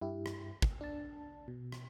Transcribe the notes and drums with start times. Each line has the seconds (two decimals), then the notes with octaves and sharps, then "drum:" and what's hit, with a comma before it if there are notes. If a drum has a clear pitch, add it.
0.01 G2 E4 G4
0.26 drum: rim click
0.62 drum: kick
0.81 D4 A5
1.48 B2
1.72 drum: rim click